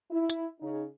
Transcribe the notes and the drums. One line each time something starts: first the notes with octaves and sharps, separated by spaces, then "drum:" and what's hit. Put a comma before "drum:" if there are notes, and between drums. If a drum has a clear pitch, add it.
E4
drum: hi-hat
C#3 D#4